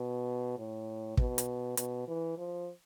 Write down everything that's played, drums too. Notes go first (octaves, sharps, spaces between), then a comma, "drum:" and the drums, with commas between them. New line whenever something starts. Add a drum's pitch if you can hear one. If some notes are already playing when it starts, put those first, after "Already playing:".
Already playing: B2
A2
B2, drum: kick
drum: hi-hat
B2, drum: hi-hat
E3
F3